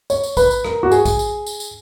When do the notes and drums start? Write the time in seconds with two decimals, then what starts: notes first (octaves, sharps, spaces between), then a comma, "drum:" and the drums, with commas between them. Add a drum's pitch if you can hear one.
0.10 C#5, drum: tambourine
0.23 drum: tambourine
0.37 B4, drum: kick, tambourine
0.51 drum: tambourine
0.64 A#4, drum: rim click
0.83 F#4
0.92 G#4, drum: tambourine
1.05 drum: kick, tambourine
1.19 drum: tambourine
1.46 drum: tambourine
1.60 drum: tambourine